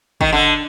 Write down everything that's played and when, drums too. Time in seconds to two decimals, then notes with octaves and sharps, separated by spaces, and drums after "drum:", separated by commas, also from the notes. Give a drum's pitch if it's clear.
0.21 D#3, drum: kick
0.33 D3